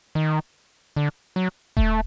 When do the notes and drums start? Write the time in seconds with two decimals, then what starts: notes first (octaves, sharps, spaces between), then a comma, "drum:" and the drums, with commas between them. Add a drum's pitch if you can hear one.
0.15 D#3
0.96 D3
1.36 F#3
1.77 A3, drum: kick D#1